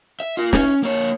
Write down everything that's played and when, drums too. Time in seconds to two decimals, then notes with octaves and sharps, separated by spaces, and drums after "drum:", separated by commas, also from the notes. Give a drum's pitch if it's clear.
0.20 E5
0.37 F4 A#4
0.53 C#4, drum: snare
0.83 A#3 C#5